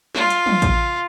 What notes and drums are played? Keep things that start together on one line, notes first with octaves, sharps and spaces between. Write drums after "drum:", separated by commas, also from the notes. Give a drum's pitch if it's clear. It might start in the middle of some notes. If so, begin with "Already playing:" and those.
F4, drum: snare
drum: hi-hat
drum: tom
drum: kick A1, hi-hat